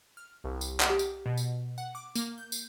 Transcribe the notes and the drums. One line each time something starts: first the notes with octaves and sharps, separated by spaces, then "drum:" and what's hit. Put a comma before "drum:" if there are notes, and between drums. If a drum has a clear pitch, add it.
F6
C2
drum: tambourine
drum: clap
G4
drum: tambourine
B2
drum: tambourine
F#5
D6
A#3, drum: tambourine
G6
drum: tambourine